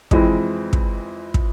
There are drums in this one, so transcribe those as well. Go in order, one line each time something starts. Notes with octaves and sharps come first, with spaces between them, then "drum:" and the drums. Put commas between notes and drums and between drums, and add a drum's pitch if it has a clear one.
F2 E3 G#3 C4 E4, drum: kick
drum: kick
drum: kick